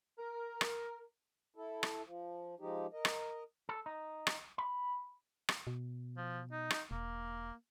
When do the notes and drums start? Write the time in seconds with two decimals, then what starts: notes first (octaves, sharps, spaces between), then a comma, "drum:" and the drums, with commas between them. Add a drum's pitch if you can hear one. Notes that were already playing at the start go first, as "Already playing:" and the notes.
0.18 A#4
0.61 drum: rim click
1.56 E4 A4
1.83 drum: rim click
2.05 F3
2.60 F3 G#3 D#4 G4
2.93 A#4 D#5
3.05 drum: rim click
3.69 A4
3.86 D#4
4.27 drum: rim click
4.58 B5
5.49 drum: rim click
5.67 B2
6.17 F3
6.52 D#4
6.70 drum: rim click
6.91 E1 A#3